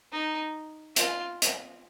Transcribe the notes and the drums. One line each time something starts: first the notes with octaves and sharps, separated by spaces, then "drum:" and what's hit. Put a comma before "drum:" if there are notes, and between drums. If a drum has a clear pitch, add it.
D#4
F4, drum: hi-hat
drum: hi-hat